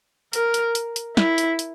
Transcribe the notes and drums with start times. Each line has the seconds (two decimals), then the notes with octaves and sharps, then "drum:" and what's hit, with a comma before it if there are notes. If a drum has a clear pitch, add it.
0.33 A#4, drum: hi-hat
0.54 drum: hi-hat
0.75 drum: hi-hat
0.96 drum: hi-hat
1.17 E4, drum: snare
1.38 drum: hi-hat
1.59 drum: hi-hat